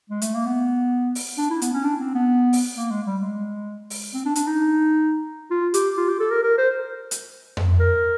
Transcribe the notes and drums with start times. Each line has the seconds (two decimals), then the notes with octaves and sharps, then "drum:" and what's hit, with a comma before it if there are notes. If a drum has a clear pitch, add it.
0.09 G#3
0.22 A3, drum: hi-hat
0.35 A#3
0.46 B3
1.15 drum: open hi-hat
1.38 D4
1.50 E4
1.62 B3, drum: hi-hat
1.73 C#4
1.84 D4
2.00 C4
2.14 B3
2.53 drum: open hi-hat
2.76 A#3
2.90 G#3
3.06 G3
3.22 G#3
3.90 drum: open hi-hat
4.14 C4
4.25 D4
4.36 D4, drum: hi-hat
4.47 D#4
5.51 F4
5.74 G4, drum: hi-hat
5.97 F4
6.09 G4
6.20 A4
6.31 A#4
6.43 A#4
6.58 C5
7.11 drum: hi-hat
7.57 drum: tom F2
7.79 A#4